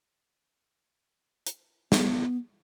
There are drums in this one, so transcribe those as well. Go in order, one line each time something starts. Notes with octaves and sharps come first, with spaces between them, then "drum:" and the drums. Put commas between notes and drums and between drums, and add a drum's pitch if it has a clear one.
drum: hi-hat
B3, drum: snare